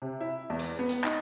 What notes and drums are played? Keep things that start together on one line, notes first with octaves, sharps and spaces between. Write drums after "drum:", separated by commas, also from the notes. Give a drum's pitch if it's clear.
C3
E4
E2
drum: hi-hat
B3
drum: hi-hat
D#4, drum: clap